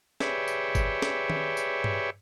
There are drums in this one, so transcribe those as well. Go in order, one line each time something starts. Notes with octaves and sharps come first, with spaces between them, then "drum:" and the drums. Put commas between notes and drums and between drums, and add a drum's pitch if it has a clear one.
G4 G#4 B4 C#5 D5 E5, drum: snare
drum: tambourine
drum: kick G1, tambourine
drum: snare
drum: tom D#3
drum: tambourine
drum: tom G2